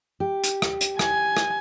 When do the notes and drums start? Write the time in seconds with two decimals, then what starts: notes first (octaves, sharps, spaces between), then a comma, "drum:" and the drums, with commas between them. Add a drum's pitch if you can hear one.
0.20 G4
0.44 drum: hi-hat
0.62 drum: rim click
0.81 drum: hi-hat
0.99 G#5, drum: rim click
1.37 drum: rim click